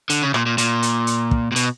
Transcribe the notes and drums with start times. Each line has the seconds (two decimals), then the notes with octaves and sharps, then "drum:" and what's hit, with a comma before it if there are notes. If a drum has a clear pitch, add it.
0.10 D3, drum: hi-hat
0.22 C#3
0.34 A#2, drum: rim click
0.46 A#2
0.58 A#2, drum: hi-hat
0.83 drum: hi-hat
1.07 drum: hi-hat
1.31 drum: kick
1.52 A#2
1.56 B2, drum: hi-hat